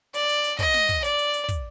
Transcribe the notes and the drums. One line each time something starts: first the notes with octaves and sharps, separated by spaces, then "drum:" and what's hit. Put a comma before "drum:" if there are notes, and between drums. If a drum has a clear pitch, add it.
D5, drum: hi-hat
drum: hi-hat
drum: hi-hat
D#5, drum: kick, hi-hat
drum: snare
drum: kick, hi-hat
D5, drum: hi-hat
drum: hi-hat
drum: hi-hat
drum: kick, hi-hat